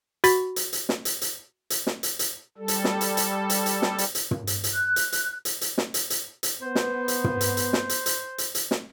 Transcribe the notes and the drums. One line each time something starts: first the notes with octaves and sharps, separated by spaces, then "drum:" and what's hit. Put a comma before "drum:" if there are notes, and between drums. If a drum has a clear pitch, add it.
F#4 B5 A6 B6, drum: hi-hat
drum: hi-hat
drum: hi-hat
drum: snare
drum: hi-hat
drum: hi-hat
drum: hi-hat
drum: snare
drum: hi-hat
drum: hi-hat
G3 A4
drum: hi-hat
drum: snare
drum: hi-hat
drum: hi-hat
drum: hi-hat
drum: hi-hat
drum: snare
drum: hi-hat
drum: hi-hat
drum: tom
drum: hi-hat
drum: hi-hat
F#6
drum: hi-hat
drum: hi-hat
drum: hi-hat
drum: hi-hat
drum: snare
drum: hi-hat
drum: hi-hat
drum: hi-hat
B3 C5
drum: snare
drum: hi-hat
drum: tom
drum: hi-hat
drum: hi-hat
drum: snare
drum: hi-hat
drum: hi-hat
drum: hi-hat
drum: hi-hat
drum: snare